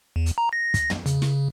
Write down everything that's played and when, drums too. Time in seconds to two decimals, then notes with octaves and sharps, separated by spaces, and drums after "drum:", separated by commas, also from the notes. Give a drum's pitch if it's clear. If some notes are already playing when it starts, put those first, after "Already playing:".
0.16 E2
0.26 drum: hi-hat
0.38 A#5
0.53 A#6
0.74 drum: kick, hi-hat
0.90 drum: tom
1.06 C#3, drum: hi-hat
1.22 drum: snare